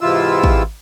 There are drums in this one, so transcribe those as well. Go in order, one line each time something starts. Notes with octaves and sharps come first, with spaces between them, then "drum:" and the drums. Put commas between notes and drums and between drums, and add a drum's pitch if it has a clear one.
G#2 C3 E3 E4 F4 E6
drum: kick